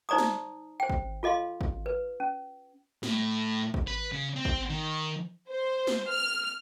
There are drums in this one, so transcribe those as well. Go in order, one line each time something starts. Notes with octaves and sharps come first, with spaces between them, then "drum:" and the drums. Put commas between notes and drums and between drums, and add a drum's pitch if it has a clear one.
D#4 C5 D5 A#5 D#6
drum: snare
C5 G5
drum: kick
F4 A4 D#5 F5 C6
drum: kick
B4
C#4
A2, drum: snare
drum: kick
B4
C#3
C4
drum: kick
D#3
C5
drum: snare
F6